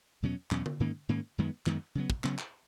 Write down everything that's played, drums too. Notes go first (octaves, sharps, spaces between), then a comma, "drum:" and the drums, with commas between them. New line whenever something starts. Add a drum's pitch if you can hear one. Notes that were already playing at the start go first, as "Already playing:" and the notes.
E2 B2 F#3 C#4
E2 B2 F#3 C#4, drum: clap
drum: tom D3
G#2 D#3 A#3 C#4
G#2 D#3 A#3 C#4
F#2 D#3 G#3 B3
F#2 D#3 G#3 B3, drum: clap
C#3 F#3 B3
drum: kick
C#3 F#3 B3, drum: clap
drum: clap